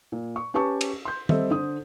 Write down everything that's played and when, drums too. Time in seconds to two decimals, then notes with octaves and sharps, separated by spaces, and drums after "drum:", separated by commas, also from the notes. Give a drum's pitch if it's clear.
0.12 A#2
0.36 C#6
0.54 C#4 G4 B4 A5 C#6
0.81 drum: cymbal
1.05 C6 G6
1.29 G3 C4 A4 C5 D#5 E5, drum: tom D#3
1.51 D3 C5 D#6